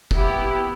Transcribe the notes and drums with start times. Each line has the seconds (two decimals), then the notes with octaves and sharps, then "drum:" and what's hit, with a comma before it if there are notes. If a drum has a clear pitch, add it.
0.11 B3 E4 G4, drum: kick